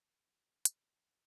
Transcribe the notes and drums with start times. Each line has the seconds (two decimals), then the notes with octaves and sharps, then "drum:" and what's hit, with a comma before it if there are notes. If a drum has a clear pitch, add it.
0.25 C3 E3
0.51 A#5 F6 G6 E7
0.65 G1 D3, drum: hi-hat
0.77 G5
1.01 F2 D#3